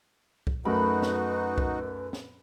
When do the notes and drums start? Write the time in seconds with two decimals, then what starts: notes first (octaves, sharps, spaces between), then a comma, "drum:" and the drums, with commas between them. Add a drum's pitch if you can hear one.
0.47 drum: kick C2
0.65 F#2 A3 D#4 F#4 A#4 B4 B5
1.02 drum: snare
1.58 drum: kick C2
2.13 drum: snare